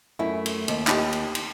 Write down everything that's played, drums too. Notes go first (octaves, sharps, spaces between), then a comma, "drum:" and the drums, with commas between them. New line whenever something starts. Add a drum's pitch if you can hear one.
F#2 A3 E4
drum: cymbal
D#2, drum: cymbal
D#4 G4, drum: clap
drum: cymbal
drum: cymbal